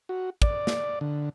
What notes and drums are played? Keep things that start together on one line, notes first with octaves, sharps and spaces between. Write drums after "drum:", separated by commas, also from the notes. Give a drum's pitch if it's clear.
F#4
D5, drum: kick
drum: snare
D3